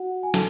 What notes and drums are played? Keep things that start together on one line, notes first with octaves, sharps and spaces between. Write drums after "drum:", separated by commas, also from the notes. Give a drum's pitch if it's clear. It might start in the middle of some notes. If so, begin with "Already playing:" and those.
Already playing: F#4 F#5
G#5
A4 A5, drum: snare